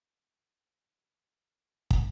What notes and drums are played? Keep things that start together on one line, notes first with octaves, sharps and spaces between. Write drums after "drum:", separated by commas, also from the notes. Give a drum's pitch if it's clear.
F3 F#3 D4 G4
drum: kick